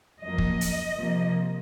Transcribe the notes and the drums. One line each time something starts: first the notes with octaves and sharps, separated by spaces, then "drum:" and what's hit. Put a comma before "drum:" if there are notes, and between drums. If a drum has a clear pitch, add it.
F#2 F3 A#3 D#5
drum: kick
drum: hi-hat
C3 F3 A#3